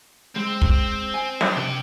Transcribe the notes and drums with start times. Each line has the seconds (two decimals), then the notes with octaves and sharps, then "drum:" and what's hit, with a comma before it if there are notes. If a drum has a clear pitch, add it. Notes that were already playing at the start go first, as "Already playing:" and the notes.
0.36 G#3 C4
0.62 drum: kick
1.14 G#5
1.41 drum: snare
1.57 C3 D4 G5